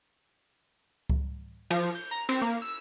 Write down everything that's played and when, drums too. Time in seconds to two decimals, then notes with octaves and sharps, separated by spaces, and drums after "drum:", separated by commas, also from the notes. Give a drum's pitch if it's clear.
1.10 drum: kick C#2
1.70 F3, drum: cymbal
1.95 G6
2.11 A#5
2.29 C4, drum: cymbal
2.42 A#3
2.62 E6